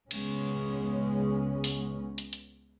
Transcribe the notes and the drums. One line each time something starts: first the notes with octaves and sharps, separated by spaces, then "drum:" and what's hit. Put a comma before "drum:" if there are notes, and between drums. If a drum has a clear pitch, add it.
C#2 C#3 G#3 B3 C#4, drum: cymbal
drum: open hi-hat
drum: hi-hat
drum: hi-hat